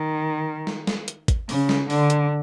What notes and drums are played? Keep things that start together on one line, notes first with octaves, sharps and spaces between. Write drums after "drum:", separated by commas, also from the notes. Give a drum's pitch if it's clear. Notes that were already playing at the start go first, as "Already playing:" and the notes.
Already playing: D#3
drum: snare
drum: snare
drum: hi-hat
drum: kick, hi-hat
C#3, drum: open hi-hat
drum: snare
D3, drum: open hi-hat
drum: hi-hat